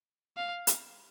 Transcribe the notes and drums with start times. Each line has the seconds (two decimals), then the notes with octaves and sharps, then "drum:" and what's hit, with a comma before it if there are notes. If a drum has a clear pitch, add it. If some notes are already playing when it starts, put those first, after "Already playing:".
0.37 F5
0.67 drum: hi-hat